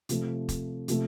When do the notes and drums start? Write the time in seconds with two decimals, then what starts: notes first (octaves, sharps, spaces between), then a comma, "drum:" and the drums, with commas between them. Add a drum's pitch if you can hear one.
0.09 C3 F3 A3, drum: hi-hat
0.49 drum: kick, hi-hat
0.88 C3 F3 A3, drum: hi-hat